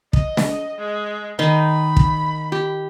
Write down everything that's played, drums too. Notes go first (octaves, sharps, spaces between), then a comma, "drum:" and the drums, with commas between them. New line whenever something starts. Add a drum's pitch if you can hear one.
D#5, drum: kick
drum: snare
G#3
D#3 D#4 B5 C6
drum: kick
G4